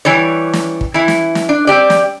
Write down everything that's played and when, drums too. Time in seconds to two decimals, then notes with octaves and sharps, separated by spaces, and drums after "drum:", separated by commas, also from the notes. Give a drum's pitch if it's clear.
0.05 E3 G3 C#5
0.53 drum: snare
0.81 drum: kick
0.94 E3 E4
1.08 drum: snare
1.35 drum: snare
1.49 D4
1.67 C4 G4 D5
1.90 drum: snare